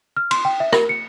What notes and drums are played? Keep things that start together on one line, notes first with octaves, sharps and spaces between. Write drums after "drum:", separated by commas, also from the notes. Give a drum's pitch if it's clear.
F6
C6, drum: cymbal
G5
E5
A#4, drum: rim click
C#7